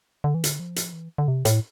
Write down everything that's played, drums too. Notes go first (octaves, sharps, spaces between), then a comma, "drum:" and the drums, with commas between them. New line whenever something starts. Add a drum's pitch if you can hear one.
D3
E3
D3, drum: hi-hat
F3
drum: hi-hat
E3
D3
C3
A2, drum: hi-hat